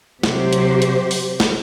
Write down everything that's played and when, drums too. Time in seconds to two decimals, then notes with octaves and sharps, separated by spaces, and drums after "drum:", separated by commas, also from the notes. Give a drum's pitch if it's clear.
0.23 C3 F#3 G4 C5, drum: snare
0.53 drum: hi-hat
0.82 drum: hi-hat
1.11 drum: open hi-hat
1.40 drum: snare